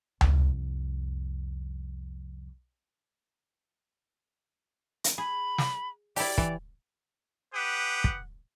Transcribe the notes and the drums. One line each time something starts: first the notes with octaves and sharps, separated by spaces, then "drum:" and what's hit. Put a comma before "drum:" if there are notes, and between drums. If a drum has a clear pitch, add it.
C2 F2, drum: tom C#2
drum: hi-hat
G#4 B5
drum: snare
E4 G4 D5, drum: open hi-hat
E3, drum: kick
G4 B4 F#5 D#6
drum: kick